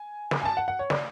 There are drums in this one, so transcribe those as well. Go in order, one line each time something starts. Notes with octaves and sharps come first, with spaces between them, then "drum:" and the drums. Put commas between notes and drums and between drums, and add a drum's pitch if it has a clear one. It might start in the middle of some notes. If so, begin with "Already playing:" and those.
Already playing: G#5
drum: snare
G#5
A5
F#5
F#5
C#5
D5, drum: snare